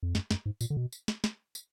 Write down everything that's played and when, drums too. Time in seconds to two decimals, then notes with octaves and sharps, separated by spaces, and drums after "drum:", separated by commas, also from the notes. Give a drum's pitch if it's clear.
0.03 F2
0.15 F#2, drum: snare
0.31 F#2, drum: snare
0.46 G#2
0.61 A#2, drum: tambourine
0.70 D3
0.77 B2
0.92 drum: tambourine
1.08 drum: snare
1.24 drum: snare
1.55 drum: tambourine